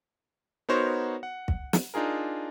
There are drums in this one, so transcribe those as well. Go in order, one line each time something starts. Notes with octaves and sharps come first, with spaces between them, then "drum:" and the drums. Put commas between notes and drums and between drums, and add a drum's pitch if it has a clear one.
B3 D#4 F#4 A#4 C5 C#5
F#5
drum: kick
drum: snare
D4 D#4 F4 G#4 A#4